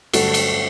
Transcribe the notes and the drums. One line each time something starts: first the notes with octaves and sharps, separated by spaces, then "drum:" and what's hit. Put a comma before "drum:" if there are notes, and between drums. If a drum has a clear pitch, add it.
G2 D3 F#3 A3 F#4 A4, drum: cymbal
drum: cymbal